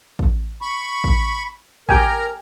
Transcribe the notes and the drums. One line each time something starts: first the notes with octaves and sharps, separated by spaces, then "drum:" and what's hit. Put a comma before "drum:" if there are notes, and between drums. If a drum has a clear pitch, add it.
drum: kick A1
B5 C#6
drum: kick A1
G4 A#4 G5 G#5 A#5, drum: kick A1